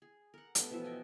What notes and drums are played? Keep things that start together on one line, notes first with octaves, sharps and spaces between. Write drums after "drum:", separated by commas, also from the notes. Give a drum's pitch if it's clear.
G#4
A#4 F#5
G3 A3 B3 D4, drum: hi-hat
B2 E3 F3 E5
D#5 G5 G#5